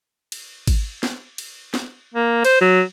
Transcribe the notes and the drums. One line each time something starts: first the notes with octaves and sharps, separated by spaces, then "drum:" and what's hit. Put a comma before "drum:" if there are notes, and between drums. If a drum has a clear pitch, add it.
drum: cymbal
drum: kick G#1, cymbal
drum: snare
drum: cymbal
drum: snare
A#3
C5, drum: cymbal
F#3